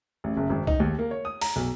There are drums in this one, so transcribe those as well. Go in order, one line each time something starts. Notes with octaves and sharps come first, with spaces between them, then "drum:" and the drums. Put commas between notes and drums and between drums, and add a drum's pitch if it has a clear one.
A1
F#1
G#1
D#4, drum: kick C2
D#2
A#3
C#5
D#6
A#5, drum: open hi-hat
B1